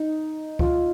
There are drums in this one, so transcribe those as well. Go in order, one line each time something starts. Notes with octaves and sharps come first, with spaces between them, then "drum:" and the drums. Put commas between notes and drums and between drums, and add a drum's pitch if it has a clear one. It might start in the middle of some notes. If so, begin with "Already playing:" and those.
Already playing: D#4
F4, drum: kick C#2